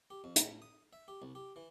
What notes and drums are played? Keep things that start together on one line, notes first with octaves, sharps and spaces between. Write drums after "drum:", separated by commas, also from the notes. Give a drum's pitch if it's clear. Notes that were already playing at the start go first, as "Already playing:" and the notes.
G4
F2
A1, drum: hi-hat
D#6
E5
G4
C2
G4
E3